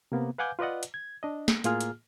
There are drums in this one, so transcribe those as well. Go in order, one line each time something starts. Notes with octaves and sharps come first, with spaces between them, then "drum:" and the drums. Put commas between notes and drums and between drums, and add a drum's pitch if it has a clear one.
C3 A#3 B3
B4 F5 F#5 G#5 D6 G6
F4 B4 D5 D#5 F#5
drum: hi-hat
G#6
D4 D#5
drum: snare
A2 A#3 F4 G#4 F6, drum: hi-hat
drum: hi-hat